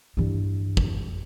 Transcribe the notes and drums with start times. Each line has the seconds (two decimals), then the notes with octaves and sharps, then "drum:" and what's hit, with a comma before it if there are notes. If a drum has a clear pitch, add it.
0.17 G2 E3
0.77 drum: kick